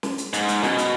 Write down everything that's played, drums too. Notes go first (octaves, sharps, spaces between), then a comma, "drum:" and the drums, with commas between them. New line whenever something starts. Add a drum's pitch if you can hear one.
drum: snare
drum: hi-hat
G#2, drum: hi-hat
drum: hi-hat
B2, drum: snare
drum: hi-hat